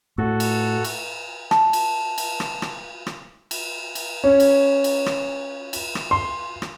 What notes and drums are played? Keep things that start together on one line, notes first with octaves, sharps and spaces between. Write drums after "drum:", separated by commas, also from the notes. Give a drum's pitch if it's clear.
A2 F#4 A4
drum: cymbal
drum: cymbal
A5, drum: rim click
drum: cymbal
drum: cymbal
drum: rim click
drum: rim click
drum: rim click
drum: cymbal
drum: cymbal
C#4
drum: cymbal
drum: cymbal
drum: rim click
drum: cymbal
drum: rim click
C6
drum: rim click